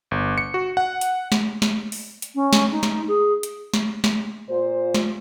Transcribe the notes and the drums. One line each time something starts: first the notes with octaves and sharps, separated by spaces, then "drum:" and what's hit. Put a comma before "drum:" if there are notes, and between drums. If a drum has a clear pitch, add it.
G1
C#7
F#4
F#5
drum: hi-hat
drum: snare
drum: snare
drum: open hi-hat
drum: hi-hat
C#4
drum: snare
D#4
drum: snare
G#4
drum: hi-hat
drum: snare
drum: snare
A#2 F4 C5
drum: snare